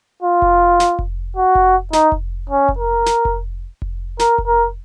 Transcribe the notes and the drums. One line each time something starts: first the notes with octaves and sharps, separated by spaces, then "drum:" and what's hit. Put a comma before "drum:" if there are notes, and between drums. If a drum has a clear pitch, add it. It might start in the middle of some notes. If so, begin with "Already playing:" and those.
F4
drum: kick F1
drum: snare
drum: kick F1
F#4
drum: kick F1
D#4, drum: snare
drum: kick F1
C#4
drum: kick F1
A#4
drum: snare
drum: kick F1
drum: kick F1
A#4, drum: snare
drum: kick F1
A#4